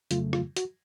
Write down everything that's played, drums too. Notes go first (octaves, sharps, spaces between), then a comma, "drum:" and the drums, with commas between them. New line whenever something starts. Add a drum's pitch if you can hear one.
F2 C#3 F#3 A3 F4, drum: hi-hat
F4, drum: rim click
F#4, drum: hi-hat